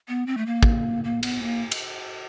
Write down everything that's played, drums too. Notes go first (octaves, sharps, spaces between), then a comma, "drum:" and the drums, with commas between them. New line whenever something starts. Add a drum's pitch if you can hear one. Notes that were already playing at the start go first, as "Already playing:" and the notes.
B3
C4
A3
A#3
drum: kick
A#3
B3, drum: cymbal
A#3
drum: cymbal